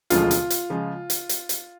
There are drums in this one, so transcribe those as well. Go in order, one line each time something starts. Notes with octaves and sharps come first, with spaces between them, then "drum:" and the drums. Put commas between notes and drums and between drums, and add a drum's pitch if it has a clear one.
E1 D2 C#3 F3 G#3 F4, drum: hi-hat
drum: hi-hat
drum: hi-hat
C#3 F3 G#3
drum: hi-hat
drum: hi-hat
drum: hi-hat